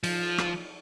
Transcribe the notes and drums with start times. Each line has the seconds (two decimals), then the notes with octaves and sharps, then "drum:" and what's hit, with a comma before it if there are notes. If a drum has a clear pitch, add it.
0.04 F3, drum: cymbal
0.38 drum: rim click